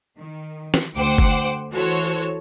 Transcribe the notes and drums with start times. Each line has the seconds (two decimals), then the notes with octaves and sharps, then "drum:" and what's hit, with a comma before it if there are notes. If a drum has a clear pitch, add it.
0.19 D#3
0.74 drum: snare
0.96 D2 C5 F#5 G5 D6 C#7
1.18 drum: kick F#1
1.71 E3 F#4 A4 C5 C#5